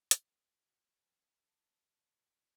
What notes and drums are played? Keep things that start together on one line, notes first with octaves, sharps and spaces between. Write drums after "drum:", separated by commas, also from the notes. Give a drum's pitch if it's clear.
drum: hi-hat
C4
E4 F#4
F3 G5
A5 C#6
D4 F#4